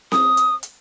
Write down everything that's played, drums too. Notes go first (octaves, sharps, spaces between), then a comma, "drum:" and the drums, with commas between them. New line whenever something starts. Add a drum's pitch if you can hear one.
D#6, drum: snare C4
drum: hi-hat
drum: hi-hat